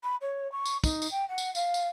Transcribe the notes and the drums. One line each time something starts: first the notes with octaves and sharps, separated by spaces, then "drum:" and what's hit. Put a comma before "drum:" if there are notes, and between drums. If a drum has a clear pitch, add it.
B5
C#5
C#6
drum: tambourine
D#4, drum: kick, tambourine
drum: tambourine
G5
F#5
drum: tambourine
F5, drum: tambourine
drum: tambourine